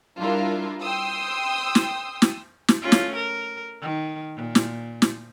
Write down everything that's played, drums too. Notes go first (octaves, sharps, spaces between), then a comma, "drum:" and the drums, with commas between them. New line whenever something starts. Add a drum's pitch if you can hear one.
G3 D4 E4 F4 A#4
G5 C6 D#6 E6
drum: snare
drum: snare
drum: snare
A3 C#4 F4
drum: snare
A#4
D#3
A#2
drum: snare
drum: snare